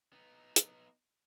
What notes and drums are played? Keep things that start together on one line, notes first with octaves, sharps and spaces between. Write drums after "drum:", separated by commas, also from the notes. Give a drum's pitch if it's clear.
B3 D#4
drum: hi-hat